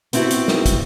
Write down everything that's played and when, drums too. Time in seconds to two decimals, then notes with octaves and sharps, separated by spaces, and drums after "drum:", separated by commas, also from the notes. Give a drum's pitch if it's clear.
0.13 B3 C4 D4 E4 F#4 G4, drum: hi-hat
0.31 drum: hi-hat
0.48 drum: snare
0.66 drum: kick, hi-hat